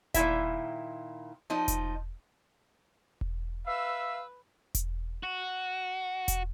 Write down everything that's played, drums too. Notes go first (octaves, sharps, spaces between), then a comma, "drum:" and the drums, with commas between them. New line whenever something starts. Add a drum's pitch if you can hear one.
A#2 D#3 E4 E5, drum: kick E1, hi-hat
F3 D#4
drum: kick E1, hi-hat
drum: kick E1
B4 E5 F5 E6
drum: kick E1, hi-hat
F#4
drum: kick E1, hi-hat